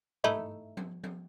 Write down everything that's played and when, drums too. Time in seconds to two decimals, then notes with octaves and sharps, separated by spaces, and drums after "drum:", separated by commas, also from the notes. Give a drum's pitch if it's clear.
0.24 A3 D#4 E4, drum: tom
0.77 drum: tom F3
1.04 drum: tom F3